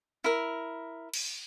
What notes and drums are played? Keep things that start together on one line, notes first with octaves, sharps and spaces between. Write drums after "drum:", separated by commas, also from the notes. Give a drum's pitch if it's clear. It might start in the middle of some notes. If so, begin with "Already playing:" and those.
E4 A#4
drum: cymbal